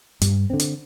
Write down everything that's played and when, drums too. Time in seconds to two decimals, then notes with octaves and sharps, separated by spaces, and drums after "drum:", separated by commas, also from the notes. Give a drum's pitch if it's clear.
0.21 G2, drum: hi-hat
0.50 D3 C4
0.60 drum: hi-hat